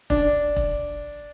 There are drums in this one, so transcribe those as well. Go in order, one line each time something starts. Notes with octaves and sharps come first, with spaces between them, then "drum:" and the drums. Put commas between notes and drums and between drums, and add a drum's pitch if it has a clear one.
D4, drum: kick E1
drum: kick E1